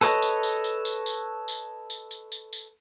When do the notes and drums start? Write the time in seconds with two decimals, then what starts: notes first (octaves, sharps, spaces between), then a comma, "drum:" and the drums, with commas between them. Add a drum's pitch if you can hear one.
0.01 A4 B4 C#5 D#5, drum: tambourine
0.22 drum: tambourine
0.43 drum: tambourine
0.64 drum: tambourine
0.85 drum: tambourine
1.06 drum: tambourine
1.48 drum: tambourine
1.90 drum: tambourine
2.11 drum: tambourine
2.32 drum: tambourine
2.53 drum: tambourine